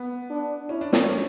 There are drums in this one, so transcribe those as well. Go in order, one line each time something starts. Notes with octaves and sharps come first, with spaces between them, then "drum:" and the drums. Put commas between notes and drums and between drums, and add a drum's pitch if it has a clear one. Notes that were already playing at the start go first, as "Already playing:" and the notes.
Already playing: B3
D4
C#4 E4
D4
C#4, drum: snare